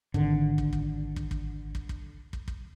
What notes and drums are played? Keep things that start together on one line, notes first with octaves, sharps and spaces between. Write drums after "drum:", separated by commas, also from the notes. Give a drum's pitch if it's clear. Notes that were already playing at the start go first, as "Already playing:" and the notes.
G#1 D3, drum: kick
drum: kick
drum: kick
drum: kick
drum: kick
drum: kick
drum: kick
drum: kick
drum: kick